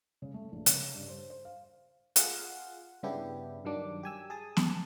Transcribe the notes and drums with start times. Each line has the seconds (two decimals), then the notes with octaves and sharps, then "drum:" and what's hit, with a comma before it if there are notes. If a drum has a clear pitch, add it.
0.22 C#3
0.34 A3
0.52 A#1
0.66 C#3, drum: hi-hat
0.94 G2
1.08 C5
1.30 C5
1.45 F5
2.16 F4 G#4 F5 F#5, drum: hi-hat
3.03 G2 C#3 B3 D4 E4 G4
3.65 G2 D#3 F#3 D4 D6
4.03 G4 G#5 E6
4.30 G#4 A5 D#6
4.57 drum: snare B3